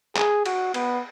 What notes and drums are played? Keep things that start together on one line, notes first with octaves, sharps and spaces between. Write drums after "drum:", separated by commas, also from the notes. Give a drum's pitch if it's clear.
G#4, drum: clap
F#4, drum: cymbal
B3, drum: cymbal